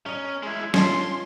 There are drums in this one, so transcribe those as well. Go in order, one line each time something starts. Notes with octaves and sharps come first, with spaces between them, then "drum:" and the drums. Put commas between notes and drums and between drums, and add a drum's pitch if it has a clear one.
C#4 A#4 D#5
G#3 E4
C#4 F4 C#5 D#5 A5 C6, drum: snare